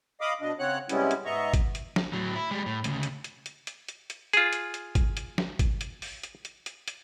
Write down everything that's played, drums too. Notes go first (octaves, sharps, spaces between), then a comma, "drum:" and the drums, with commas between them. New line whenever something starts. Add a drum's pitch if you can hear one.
D#5 F5 B5 D6 D#6
B2 D4 D#5
C#3 C4 C#5 F#5 F#6
C3 G3 G#3 B3 C#4 E4, drum: hi-hat
drum: hi-hat
G#2 B3 D#5 E5 A#5 C#6
drum: kick G#1, hi-hat
drum: hi-hat
drum: snare
A2 F#3
E4
G3 G#3
A2
D2 C#3, drum: hi-hat
drum: hi-hat
drum: hi-hat
drum: hi-hat
drum: hi-hat
drum: hi-hat
drum: hi-hat
F4 G#4, drum: hi-hat
drum: hi-hat
drum: hi-hat
drum: kick G#1, hi-hat
drum: hi-hat
drum: snare
drum: kick G#1, hi-hat
drum: hi-hat
drum: open hi-hat
drum: hi-hat
drum: hi-hat
drum: hi-hat
drum: hi-hat